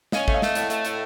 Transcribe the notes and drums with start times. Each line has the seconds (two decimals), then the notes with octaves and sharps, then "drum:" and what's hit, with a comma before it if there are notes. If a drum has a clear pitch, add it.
0.12 C#4 D#5 F5, drum: snare
0.28 A3, drum: kick G#1
0.34 D#5 F5
0.42 A3, drum: snare
0.55 A2, drum: hi-hat
0.70 A3, drum: hi-hat
0.85 A2, drum: hi-hat